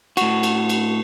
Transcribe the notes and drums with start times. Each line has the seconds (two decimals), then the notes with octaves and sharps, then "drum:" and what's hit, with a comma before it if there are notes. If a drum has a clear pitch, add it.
0.17 A2 F#4, drum: cymbal
0.43 drum: cymbal
0.69 drum: cymbal